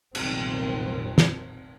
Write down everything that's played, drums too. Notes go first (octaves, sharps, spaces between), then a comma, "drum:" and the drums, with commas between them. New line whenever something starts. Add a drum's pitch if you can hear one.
F1 B1 G2 A#2 D#3 C4, drum: cymbal
drum: snare